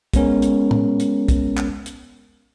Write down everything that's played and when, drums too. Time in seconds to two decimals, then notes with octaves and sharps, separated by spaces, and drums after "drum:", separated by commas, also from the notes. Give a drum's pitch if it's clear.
0.14 G#3 B3 C#4 A#4, drum: kick, hi-hat
0.42 drum: hi-hat
0.71 drum: tom
1.00 drum: hi-hat
1.28 drum: kick, hi-hat
1.57 drum: clap
1.86 drum: hi-hat